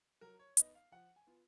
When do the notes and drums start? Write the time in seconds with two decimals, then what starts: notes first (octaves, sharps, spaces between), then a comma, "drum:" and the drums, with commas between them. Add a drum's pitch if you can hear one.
0.21 F#3 A#4
0.39 C#5
0.57 B3 D#4 D#5, drum: hi-hat
0.75 F5
0.92 F3 F#5
1.16 G#5
1.27 B3 F4